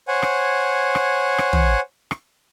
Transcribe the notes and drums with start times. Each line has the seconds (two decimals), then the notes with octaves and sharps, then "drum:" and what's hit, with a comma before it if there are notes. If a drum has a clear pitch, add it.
0.08 C5 C#5 F#5 G#5
0.22 drum: rim click
0.95 drum: rim click
1.38 drum: rim click
1.53 drum: tom
2.11 drum: rim click